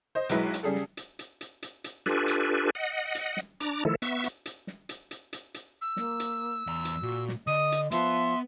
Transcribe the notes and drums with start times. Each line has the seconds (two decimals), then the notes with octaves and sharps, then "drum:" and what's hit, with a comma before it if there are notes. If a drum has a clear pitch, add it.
0.15 C5 D#5
0.29 B1 F#3 G#3 E4 B4, drum: hi-hat
0.54 drum: hi-hat
0.63 C#3 G3 G#4 A4
0.75 drum: snare
0.97 drum: hi-hat
1.19 drum: hi-hat
1.41 drum: hi-hat
1.63 drum: hi-hat
1.84 drum: hi-hat
2.06 D4 F4 G4 A4 B4 G#5, drum: snare
2.28 drum: hi-hat
2.75 D#5 F#5
3.15 drum: hi-hat
3.37 drum: snare
3.60 D4 A#5 D6, drum: hi-hat
3.85 D#3 F3 A3 E4 A4
4.02 B3 E5 C#6, drum: hi-hat
4.24 drum: hi-hat
4.46 drum: hi-hat
4.67 drum: snare
4.89 drum: hi-hat
5.11 drum: hi-hat
5.33 drum: hi-hat
5.54 drum: hi-hat
5.82 E6
5.97 A#3, drum: snare
6.20 drum: hi-hat
6.67 E2 A#5
6.85 drum: hi-hat
7.02 A#2 F#4
7.29 drum: snare
7.47 D3 D#5 D#6
7.72 drum: hi-hat
7.92 F3 B3 E5 C6, drum: hi-hat